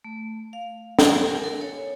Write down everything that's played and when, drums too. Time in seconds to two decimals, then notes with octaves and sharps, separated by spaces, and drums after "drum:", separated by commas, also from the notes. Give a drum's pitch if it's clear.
0.04 A3
0.53 F5
0.99 G#5, drum: snare
1.29 A#4
1.44 A4
1.61 C#5